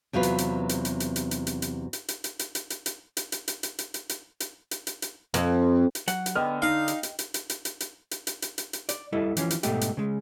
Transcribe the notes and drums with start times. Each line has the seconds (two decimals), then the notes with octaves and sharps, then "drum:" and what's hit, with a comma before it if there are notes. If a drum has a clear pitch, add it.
0.13 E2 C3 F#3 F4 B4
0.23 drum: hi-hat
0.38 drum: hi-hat
0.69 drum: hi-hat
0.85 drum: hi-hat
1.00 drum: hi-hat
1.16 drum: hi-hat
1.31 drum: hi-hat
1.47 drum: hi-hat
1.62 drum: hi-hat
1.93 drum: hi-hat
2.08 drum: hi-hat
2.24 drum: hi-hat
2.39 drum: hi-hat
2.55 drum: hi-hat
2.70 drum: hi-hat
2.86 drum: hi-hat
3.17 drum: hi-hat
3.32 drum: hi-hat
3.48 drum: hi-hat
3.63 drum: hi-hat
3.79 drum: hi-hat
3.94 drum: hi-hat
4.09 drum: hi-hat
4.40 drum: hi-hat
4.71 drum: hi-hat
4.87 drum: hi-hat
5.02 drum: hi-hat
5.34 F2, drum: hi-hat
5.95 drum: hi-hat
6.08 F#3 F#5, drum: hi-hat
6.26 drum: hi-hat
6.35 D3 B3 D#5 G5 F6
6.62 D#4 F5
6.88 drum: hi-hat
7.03 drum: hi-hat
7.19 drum: hi-hat
7.34 drum: hi-hat
7.50 drum: hi-hat
7.65 drum: hi-hat
7.80 drum: hi-hat
8.11 drum: hi-hat
8.27 drum: hi-hat
8.42 drum: hi-hat
8.58 drum: hi-hat
8.73 drum: hi-hat
8.89 D5, drum: hi-hat
9.12 G3 E4 A4 D#5
9.37 E3 F3 C#4, drum: hi-hat
9.50 drum: hi-hat
9.63 G#2 B2 G3 A3 D#4 G4, drum: hi-hat
9.81 drum: hi-hat
9.97 C#3 G#3